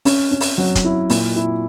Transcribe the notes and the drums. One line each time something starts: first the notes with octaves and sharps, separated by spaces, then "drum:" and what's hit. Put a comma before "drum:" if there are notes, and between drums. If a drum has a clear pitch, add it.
C#4, drum: open hi-hat
C#4
drum: open hi-hat
F#3
drum: kick, hi-hat
E4
A#2, drum: open hi-hat
E4